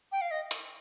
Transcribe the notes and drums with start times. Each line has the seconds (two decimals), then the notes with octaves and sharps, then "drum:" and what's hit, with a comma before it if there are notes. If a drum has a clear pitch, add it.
0.12 G5
0.21 F5
0.31 D#5
0.51 drum: hi-hat